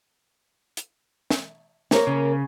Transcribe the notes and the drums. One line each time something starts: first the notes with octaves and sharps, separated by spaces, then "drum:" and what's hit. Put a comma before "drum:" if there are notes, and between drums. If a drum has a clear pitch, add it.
drum: hi-hat
drum: snare
A#3 A#4 C#5, drum: snare
C#3